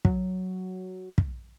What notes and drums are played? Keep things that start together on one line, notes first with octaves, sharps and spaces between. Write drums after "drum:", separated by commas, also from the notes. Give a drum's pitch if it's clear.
F#3, drum: kick
drum: kick